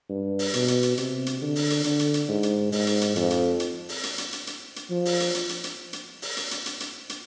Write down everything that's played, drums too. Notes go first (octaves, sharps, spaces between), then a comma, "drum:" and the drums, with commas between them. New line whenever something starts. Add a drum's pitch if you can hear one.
G2
drum: open hi-hat
B2, drum: hi-hat
drum: hi-hat
drum: hi-hat
C3, drum: hi-hat
drum: hi-hat
D3
drum: open hi-hat
drum: hi-hat
D3, drum: hi-hat
drum: hi-hat
drum: hi-hat
G#2
drum: hi-hat
G#2, drum: open hi-hat
drum: hi-hat
drum: hi-hat
F2, drum: hi-hat
drum: hi-hat
drum: hi-hat
drum: open hi-hat
drum: hi-hat
drum: hi-hat
drum: hi-hat
drum: hi-hat
drum: hi-hat
F3
drum: open hi-hat
drum: hi-hat
drum: hi-hat
drum: hi-hat
drum: hi-hat
drum: hi-hat
drum: open hi-hat
drum: hi-hat
drum: hi-hat
drum: hi-hat
drum: hi-hat
drum: hi-hat